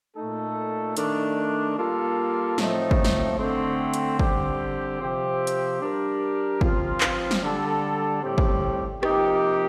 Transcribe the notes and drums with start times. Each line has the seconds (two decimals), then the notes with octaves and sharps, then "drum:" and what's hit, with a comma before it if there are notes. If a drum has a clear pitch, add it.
0.17 A#2 A3 D#4 A4
0.97 D#3 A3 D4, drum: hi-hat
1.78 G3 A#3 F4 A4
2.58 A2 F3 A3 C4 D#4, drum: snare
2.91 drum: kick
3.04 drum: snare
3.38 D3 A3 C4
3.94 drum: hi-hat
4.19 D3 G3 C4 G4, drum: kick
5.00 C3 F3 C4 G4
5.47 drum: hi-hat
5.81 G3 D4 G4 A#4
6.61 F3 C4 F4, drum: kick
7.01 drum: clap
7.31 drum: snare
7.43 D3 G3 D4 A4
8.22 A2 G3 C4 G4
8.38 drum: kick
9.03 C3 F3 A#3 D#4 G4, drum: rim click